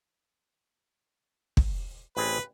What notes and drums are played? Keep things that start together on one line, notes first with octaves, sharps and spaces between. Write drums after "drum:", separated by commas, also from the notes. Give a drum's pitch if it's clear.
drum: kick
A1 C4 G#4 B4